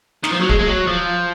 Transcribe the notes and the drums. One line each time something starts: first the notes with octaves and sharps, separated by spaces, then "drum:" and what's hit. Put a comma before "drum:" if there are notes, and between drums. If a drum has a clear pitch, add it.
D#3, drum: snare
F3
F#3
G#3, drum: kick D1
G#3
F#3
F3